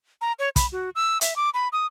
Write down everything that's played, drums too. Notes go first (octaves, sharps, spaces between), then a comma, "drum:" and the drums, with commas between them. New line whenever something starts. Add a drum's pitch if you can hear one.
A#5
C#5
B5, drum: kick, hi-hat
F#4
E6
E5, drum: hi-hat
D6
B5
D#6